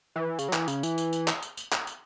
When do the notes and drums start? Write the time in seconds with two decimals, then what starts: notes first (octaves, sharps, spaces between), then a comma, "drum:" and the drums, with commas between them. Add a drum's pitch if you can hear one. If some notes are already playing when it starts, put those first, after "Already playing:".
0.16 E3
0.39 C#3, drum: tambourine
0.49 F#3
0.53 E3, drum: clap
0.68 C#3, drum: tambourine
0.83 E3, drum: tambourine
0.98 drum: tambourine
1.13 drum: tambourine
1.28 drum: clap
1.42 drum: tambourine
1.57 drum: tambourine
1.72 drum: clap
1.87 drum: tambourine